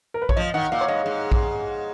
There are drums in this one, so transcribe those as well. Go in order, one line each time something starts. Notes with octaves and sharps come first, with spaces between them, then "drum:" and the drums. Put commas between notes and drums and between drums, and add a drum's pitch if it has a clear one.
A#4
B4
C#5, drum: kick A#1
F3 D#5
D#3 F#5
A#2 F5
C#5
G#2 D#5
G#2
drum: kick A#1